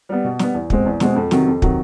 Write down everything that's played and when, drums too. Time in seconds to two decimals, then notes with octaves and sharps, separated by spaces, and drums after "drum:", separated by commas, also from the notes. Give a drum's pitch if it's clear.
0.09 G3 B3
0.24 B2
0.39 G3 B3, drum: snare
0.54 E2
0.70 B2 G#3 C4, drum: kick
0.86 E2
1.00 B2 G#3 C4, drum: snare
1.16 F2
1.31 C3 D#3 F#3, drum: snare
1.47 F2
1.62 C3 D#3 F#3, drum: kick